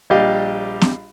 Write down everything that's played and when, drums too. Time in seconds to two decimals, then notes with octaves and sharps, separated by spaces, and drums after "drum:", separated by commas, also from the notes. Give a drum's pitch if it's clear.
0.10 A#1 G3 G4 D#5 F5
0.81 drum: snare